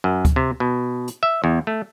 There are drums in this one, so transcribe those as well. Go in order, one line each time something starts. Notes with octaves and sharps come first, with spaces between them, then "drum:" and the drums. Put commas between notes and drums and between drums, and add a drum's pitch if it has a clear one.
F#2
drum: kick D2, hi-hat
C3
B2
drum: hi-hat
E5
E2
A3